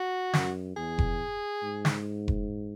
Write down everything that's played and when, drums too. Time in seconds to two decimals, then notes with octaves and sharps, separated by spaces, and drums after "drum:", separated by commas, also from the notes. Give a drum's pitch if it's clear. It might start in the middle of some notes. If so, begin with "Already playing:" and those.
Already playing: F#4
0.33 F#2, drum: snare
0.77 E2 G#4
0.98 drum: kick F1
1.63 G#2
1.85 drum: snare
2.28 drum: kick F1